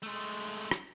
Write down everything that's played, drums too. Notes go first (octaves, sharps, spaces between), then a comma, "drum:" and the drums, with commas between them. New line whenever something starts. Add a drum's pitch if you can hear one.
G#3 A3
drum: rim click